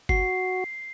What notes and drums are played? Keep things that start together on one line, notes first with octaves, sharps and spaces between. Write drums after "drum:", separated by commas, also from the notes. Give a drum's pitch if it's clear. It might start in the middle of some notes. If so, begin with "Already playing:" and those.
F#4 C7, drum: kick F#1